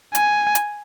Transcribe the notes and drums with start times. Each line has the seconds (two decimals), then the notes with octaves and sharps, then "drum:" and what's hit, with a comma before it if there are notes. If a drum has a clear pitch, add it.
0.15 G#5, drum: hi-hat
0.55 drum: hi-hat